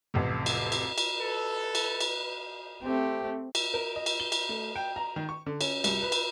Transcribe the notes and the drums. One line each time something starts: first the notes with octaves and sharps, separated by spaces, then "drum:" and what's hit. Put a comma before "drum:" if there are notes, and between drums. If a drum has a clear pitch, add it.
A1 F2 C3
drum: cymbal
drum: cymbal
drum: cymbal
A4 B4
drum: cymbal
drum: cymbal
A3 C4 G4
drum: cymbal
A#4
D#5
drum: cymbal
G7
drum: cymbal
A3
G5
A#5
D#3
C#6
D3
C#4, drum: cymbal
C2, drum: cymbal
B4
drum: cymbal